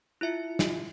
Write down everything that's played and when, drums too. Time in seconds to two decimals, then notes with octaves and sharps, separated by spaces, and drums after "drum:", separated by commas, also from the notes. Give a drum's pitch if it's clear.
0.21 E4 F4 E5 C#7
0.59 drum: snare